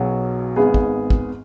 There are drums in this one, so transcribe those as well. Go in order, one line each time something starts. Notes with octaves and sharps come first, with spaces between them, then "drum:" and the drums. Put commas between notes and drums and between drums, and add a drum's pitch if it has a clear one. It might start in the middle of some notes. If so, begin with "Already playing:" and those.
Already playing: B1 B2 F#3 C#4 G#4
G#1 G#2 G#3 B3 G#4
drum: kick
drum: kick